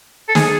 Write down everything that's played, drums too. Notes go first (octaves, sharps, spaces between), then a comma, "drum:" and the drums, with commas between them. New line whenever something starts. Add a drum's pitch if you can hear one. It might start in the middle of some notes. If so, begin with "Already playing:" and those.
A4
G#4, drum: snare